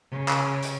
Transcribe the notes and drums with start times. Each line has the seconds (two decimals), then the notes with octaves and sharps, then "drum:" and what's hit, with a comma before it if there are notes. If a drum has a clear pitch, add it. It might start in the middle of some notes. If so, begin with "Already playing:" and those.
0.11 C#3
0.28 drum: clap
0.62 drum: hi-hat